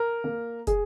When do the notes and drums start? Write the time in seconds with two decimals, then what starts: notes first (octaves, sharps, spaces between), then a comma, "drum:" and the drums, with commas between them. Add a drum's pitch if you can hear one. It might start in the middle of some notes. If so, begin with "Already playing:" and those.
Already playing: A#4
0.24 A#3
0.67 G#4, drum: kick, hi-hat